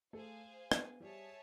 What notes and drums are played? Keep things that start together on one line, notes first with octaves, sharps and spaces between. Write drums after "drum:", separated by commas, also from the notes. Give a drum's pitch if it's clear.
A3 G#4 A4 C5 F5 G#5
B3 B4, drum: rim click
G3 G4 G#4 C#5 E5 A5